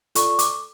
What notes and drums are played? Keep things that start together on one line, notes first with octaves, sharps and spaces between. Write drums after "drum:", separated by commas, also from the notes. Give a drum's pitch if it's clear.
F4 A4 D5 C#6, drum: hi-hat
D6, drum: hi-hat